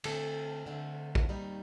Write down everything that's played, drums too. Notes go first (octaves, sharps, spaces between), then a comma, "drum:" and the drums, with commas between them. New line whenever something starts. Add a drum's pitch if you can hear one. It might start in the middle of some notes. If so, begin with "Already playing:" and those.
D3 A3 C4 A4 A5, drum: cymbal
D3 A3 C4
drum: kick
D#2 D#3 G3 C4 D#4